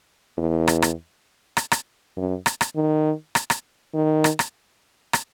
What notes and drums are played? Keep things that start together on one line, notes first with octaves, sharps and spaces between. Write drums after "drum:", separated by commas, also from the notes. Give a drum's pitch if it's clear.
E2
drum: rim click
drum: rim click
drum: rim click
drum: rim click
F#2
drum: rim click
drum: rim click
D#3
drum: rim click
drum: rim click
D#3
drum: rim click
drum: rim click
drum: rim click